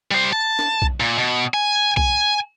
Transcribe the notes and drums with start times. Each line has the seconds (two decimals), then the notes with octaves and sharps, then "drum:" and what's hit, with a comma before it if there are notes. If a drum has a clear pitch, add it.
0.11 G3 C5
0.33 A5
0.59 drum: snare
0.82 drum: kick B1
1.00 A#2
1.18 B2
1.54 G#5
1.97 G#5, drum: kick B1